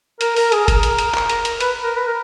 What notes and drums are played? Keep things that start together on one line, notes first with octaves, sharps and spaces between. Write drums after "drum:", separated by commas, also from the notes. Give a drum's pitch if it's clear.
A#4, drum: hi-hat
A#4, drum: open hi-hat
G#4, drum: hi-hat
A#4, drum: kick F#1, hi-hat
drum: hi-hat
drum: hi-hat
drum: clap
drum: hi-hat
drum: hi-hat
B4, drum: hi-hat
A#4
B4
A#4